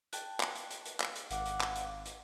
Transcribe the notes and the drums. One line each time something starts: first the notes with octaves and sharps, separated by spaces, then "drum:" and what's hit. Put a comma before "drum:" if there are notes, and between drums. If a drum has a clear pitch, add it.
G5 A5 F#6, drum: hi-hat
drum: clap
drum: hi-hat
drum: hi-hat
drum: hi-hat
drum: clap
drum: hi-hat
G#1 F5 F#5 D6, drum: hi-hat
drum: hi-hat
drum: clap
drum: hi-hat
drum: hi-hat